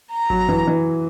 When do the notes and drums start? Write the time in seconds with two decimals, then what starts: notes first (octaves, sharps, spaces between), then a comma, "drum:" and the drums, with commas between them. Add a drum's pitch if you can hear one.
0.11 A#5
0.30 F#3, drum: kick G#1
0.49 E3, drum: tom F#2
0.67 E3